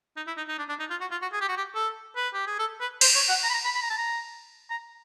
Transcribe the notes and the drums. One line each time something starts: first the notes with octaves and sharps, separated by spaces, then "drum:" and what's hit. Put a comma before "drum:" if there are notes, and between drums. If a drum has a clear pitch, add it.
D#4
E4
D#4
D#4
D4
D4
D#4
F4
F#4
F4
F#4
G#4
G4
F#4
G4
A4
B4
G4
G#4
A4
B4
C5, drum: cymbal
C#5
F#5
A#5
B5
A#5
B5
B5
A#5
A5
A#5
A#5